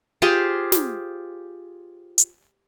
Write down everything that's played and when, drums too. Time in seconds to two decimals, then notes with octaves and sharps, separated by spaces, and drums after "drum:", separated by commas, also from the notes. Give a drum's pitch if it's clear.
0.22 F4 G4 G#4 C5
0.72 drum: snare
2.18 drum: hi-hat